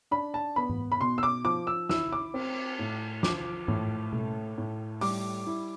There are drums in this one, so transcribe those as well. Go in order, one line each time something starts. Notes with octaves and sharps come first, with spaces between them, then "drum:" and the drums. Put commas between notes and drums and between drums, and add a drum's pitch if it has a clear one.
D4 B5
A5
B3 B5
drum: tom G#2
B5
B2 C6
E6
D6
F3 D6
E6
E4 E6, drum: snare
D6
C4, drum: cymbal
A2
F3 D6, drum: snare
A2, drum: tom G#2
A3, drum: tom B2
A2
G3 D6, drum: open hi-hat
E4